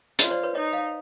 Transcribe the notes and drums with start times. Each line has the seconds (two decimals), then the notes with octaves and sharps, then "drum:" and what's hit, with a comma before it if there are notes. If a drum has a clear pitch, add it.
0.19 F4 C#5 D#5, drum: hi-hat
0.31 C5 D5
0.43 B4 C#5
0.55 D#4 C#5 D#5
0.73 D#5 F5